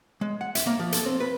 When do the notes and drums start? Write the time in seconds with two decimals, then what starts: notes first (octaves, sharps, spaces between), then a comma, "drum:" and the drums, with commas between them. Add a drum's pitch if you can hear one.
0.21 G#3
0.41 F#5
0.55 E5, drum: hi-hat
0.67 A#3
0.79 F3
0.92 A4, drum: hi-hat
1.06 C4
1.20 B4